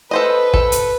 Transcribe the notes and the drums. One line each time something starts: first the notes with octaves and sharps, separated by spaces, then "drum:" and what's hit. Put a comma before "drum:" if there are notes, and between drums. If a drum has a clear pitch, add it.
A4 B4 C5 D#5
A4, drum: kick
drum: hi-hat